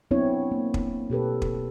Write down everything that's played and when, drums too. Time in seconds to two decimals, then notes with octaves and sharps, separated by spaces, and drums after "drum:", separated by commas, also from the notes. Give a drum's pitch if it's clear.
0.11 F#3 B3 C4 D4 E4 C#5
0.51 A#3
0.74 drum: kick
1.10 B2 G4 A4 B4
1.42 drum: kick